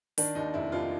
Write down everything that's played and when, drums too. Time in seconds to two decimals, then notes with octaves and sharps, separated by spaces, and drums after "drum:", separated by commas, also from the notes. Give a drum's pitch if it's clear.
0.18 D#3 D4, drum: open hi-hat
0.35 D#2 D#4
0.54 F1 E4
0.72 F1 F4